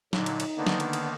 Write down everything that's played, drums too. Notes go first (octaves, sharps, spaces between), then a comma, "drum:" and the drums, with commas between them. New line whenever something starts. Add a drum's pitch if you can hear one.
A#2 D3 F#3 D#4, drum: snare
drum: cymbal
drum: cymbal
D3 D#3 A#3 B3 D4
drum: snare
drum: cymbal
drum: cymbal